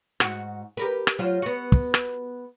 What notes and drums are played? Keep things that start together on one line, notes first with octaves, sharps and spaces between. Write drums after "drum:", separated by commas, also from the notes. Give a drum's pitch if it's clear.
G#2 F#4, drum: rim click
G4 A#4 B4
drum: rim click
F#3 F4 C5
B3 F#4
drum: kick
drum: rim click